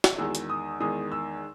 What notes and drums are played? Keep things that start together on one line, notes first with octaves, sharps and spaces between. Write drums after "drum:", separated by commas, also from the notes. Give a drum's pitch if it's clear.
drum: snare
E2 D#3 G#3 E6
drum: hi-hat
D#6
E2 D#3 G#3 D#6
E6